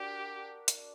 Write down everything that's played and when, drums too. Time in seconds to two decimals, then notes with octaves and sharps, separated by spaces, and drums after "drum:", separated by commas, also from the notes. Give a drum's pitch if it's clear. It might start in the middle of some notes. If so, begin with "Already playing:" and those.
Already playing: D4 F#4 G4 A#4
0.68 drum: hi-hat